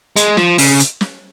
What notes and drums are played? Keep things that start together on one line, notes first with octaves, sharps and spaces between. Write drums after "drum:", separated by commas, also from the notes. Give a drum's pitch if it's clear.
G#3, drum: hi-hat
F3, drum: snare
C#3, drum: open hi-hat
drum: hi-hat
drum: snare